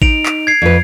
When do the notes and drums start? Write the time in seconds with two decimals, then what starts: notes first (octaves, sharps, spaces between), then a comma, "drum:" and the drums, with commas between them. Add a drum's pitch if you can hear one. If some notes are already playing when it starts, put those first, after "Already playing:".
0.02 D#4 D7 F7, drum: kick A1
0.26 drum: clap
0.47 G#6 C7
0.62 F2 B4